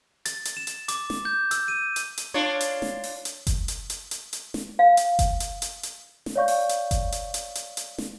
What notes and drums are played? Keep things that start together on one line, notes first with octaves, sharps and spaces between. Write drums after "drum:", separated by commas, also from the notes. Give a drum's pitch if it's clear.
A6, drum: hi-hat
drum: hi-hat
E7
drum: hi-hat
D6, drum: hi-hat
drum: snare
G6
E6, drum: hi-hat
D#7
drum: hi-hat
drum: hi-hat
D4 F4 C#5
drum: hi-hat
drum: snare
drum: open hi-hat
drum: hi-hat
drum: kick F#1, hi-hat
drum: hi-hat
drum: hi-hat
drum: hi-hat
drum: hi-hat
drum: snare
F5
drum: hi-hat
drum: kick F#1, hi-hat
drum: hi-hat
drum: hi-hat
drum: hi-hat
drum: snare
C#5 D5 F5 C#6 G6
drum: open hi-hat
drum: hi-hat
drum: kick F#1, hi-hat
drum: hi-hat
drum: hi-hat
drum: hi-hat
drum: hi-hat
drum: snare